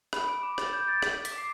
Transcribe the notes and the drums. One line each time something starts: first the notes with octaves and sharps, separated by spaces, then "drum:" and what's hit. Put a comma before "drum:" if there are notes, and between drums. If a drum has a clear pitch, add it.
B5 D6, drum: rim click
D7
D6
A6, drum: rim click
D6 G6
A6 D7
D6 B6, drum: rim click
A6
B6, drum: hi-hat
D6
C7